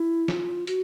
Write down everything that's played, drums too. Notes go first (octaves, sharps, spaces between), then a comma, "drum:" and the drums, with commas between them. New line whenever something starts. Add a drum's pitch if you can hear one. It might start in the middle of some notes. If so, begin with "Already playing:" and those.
Already playing: E4
F4, drum: snare
F#4, drum: hi-hat